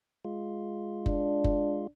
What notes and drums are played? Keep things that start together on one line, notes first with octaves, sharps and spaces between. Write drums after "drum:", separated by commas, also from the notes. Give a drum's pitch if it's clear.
G#3 F4
D4, drum: kick F#1
drum: kick F#1